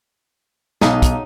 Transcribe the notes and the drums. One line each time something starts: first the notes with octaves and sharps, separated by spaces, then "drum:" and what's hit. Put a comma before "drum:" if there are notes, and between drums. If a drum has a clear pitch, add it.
B1 C#3 F#3 D#4, drum: snare
drum: kick, hi-hat